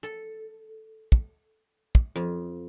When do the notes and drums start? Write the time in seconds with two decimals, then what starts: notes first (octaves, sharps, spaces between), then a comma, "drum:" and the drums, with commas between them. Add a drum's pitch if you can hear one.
0.03 A4
1.12 drum: kick
1.95 drum: kick
2.16 F2